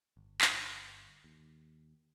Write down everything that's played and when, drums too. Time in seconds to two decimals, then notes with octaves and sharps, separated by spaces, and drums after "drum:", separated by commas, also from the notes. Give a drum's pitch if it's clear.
0.17 G1
0.41 drum: clap
1.24 D#2